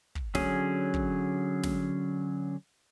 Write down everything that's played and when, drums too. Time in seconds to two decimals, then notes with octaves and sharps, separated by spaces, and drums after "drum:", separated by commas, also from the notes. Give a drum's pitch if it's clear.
0.15 drum: kick
0.35 D3 F#3 C#4 G#4, drum: snare
0.94 drum: kick
1.63 drum: snare